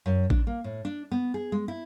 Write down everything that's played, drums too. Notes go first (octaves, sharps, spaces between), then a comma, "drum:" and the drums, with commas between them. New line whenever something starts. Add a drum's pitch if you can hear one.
F#2
D4, drum: kick A1
A#3
A2
D4
B3
G#4
G#3
E4